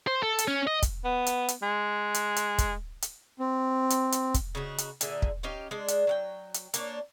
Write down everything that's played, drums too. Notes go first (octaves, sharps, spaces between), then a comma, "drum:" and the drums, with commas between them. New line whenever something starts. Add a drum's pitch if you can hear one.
C5
A4
drum: hi-hat
C#4
D#5
drum: kick, hi-hat
B3
drum: hi-hat
drum: hi-hat
G#3
drum: hi-hat
drum: hi-hat
drum: kick, hi-hat
drum: hi-hat
C4
drum: hi-hat
drum: hi-hat
drum: kick, hi-hat
C#3 D#4 F#4
drum: hi-hat
A#2 D3 G#4 E5, drum: hi-hat
drum: kick
C#4 D#4 G4 F5
G#3 D4
drum: hi-hat
F#3 F#5 G5
drum: hi-hat
A#3 D4 C#5, drum: hi-hat